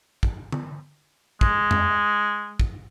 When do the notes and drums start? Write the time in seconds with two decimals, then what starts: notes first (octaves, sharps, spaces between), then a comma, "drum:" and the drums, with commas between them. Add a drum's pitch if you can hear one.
0.23 drum: kick
0.52 drum: tom D3
1.41 G#3, drum: kick
1.71 drum: tom F2
2.60 drum: kick